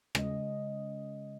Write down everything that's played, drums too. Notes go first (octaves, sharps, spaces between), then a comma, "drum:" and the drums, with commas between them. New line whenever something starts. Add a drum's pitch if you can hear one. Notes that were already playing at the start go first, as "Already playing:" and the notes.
C#3 G#3 D#5, drum: rim click